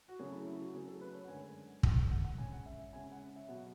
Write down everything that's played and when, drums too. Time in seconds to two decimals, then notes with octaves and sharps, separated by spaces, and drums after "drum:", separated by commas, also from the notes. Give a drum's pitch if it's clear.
0.08 F#4
0.19 C#3 F#3 A3 C#4 G#4
0.32 E4
0.46 E4
0.59 F#4
0.73 C#3 F#3 A3 C#4 G#4
0.88 A4
1.01 B4
1.14 C#5
1.24 F#5
1.28 F#2 D3 G#3 G#5
1.83 F#2 D3 G#3 F#5, drum: kick
2.10 F#5
2.24 F#5
2.38 C#3 G#3 C#4 G#5
2.52 F#5
2.66 E5
2.79 E5
2.93 C#3 G#3 C#4 G#5
3.12 F#5
3.36 E5
3.48 B2 F#3 B3 F#5